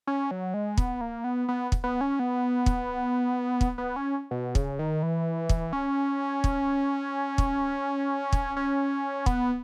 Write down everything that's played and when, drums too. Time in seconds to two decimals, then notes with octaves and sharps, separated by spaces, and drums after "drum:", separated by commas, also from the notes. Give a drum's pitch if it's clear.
0.07 C#4
0.31 F#3
0.54 G#3
0.78 B3, drum: kick
1.01 A#3
1.24 B3
1.48 B3
1.72 drum: kick
1.84 B3
2.01 C#4
2.19 B3
2.66 drum: kick
3.61 drum: kick
3.78 B3
3.96 C#4
4.31 B2
4.55 C#3, drum: kick
4.79 D#3
5.03 E3
5.49 drum: kick
5.73 C#4
6.44 drum: kick
7.38 drum: kick
8.33 drum: kick
8.56 C#4
9.26 B3, drum: kick